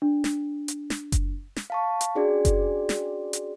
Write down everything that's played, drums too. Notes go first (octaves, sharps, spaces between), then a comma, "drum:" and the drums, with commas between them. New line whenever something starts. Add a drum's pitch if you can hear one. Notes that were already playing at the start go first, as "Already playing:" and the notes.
D4
drum: snare
drum: hi-hat
drum: snare
drum: kick F#1, hi-hat
drum: snare
F5 A5 C#6
drum: hi-hat
C#4 D4 F#4 G#4 D5
drum: kick F#1, hi-hat
drum: snare
drum: hi-hat